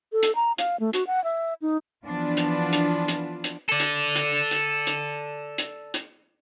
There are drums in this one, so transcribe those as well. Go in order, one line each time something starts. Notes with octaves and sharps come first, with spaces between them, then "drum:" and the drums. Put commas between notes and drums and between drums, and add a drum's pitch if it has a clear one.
A4
drum: hi-hat
A#5
F5, drum: hi-hat
A3
F#4, drum: hi-hat
F#5
E5
D#4
E3 F3 B3 D4 F4
drum: hi-hat
drum: hi-hat
drum: hi-hat
drum: hi-hat
A4 D5
drum: hi-hat
drum: hi-hat
drum: hi-hat
drum: hi-hat
drum: hi-hat
drum: hi-hat